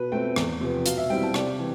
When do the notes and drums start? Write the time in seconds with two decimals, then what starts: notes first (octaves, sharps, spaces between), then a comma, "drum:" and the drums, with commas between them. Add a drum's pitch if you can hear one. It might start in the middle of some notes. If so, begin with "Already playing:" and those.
Already playing: B2 B4
0.12 A3 C4 G5
0.36 E2, drum: rim click
0.61 C3 F3 B3
0.86 B2 F5, drum: hi-hat
0.98 E5
1.10 G3 C4 E4 G5
1.23 A5
1.34 C3 D5, drum: rim click
1.59 E3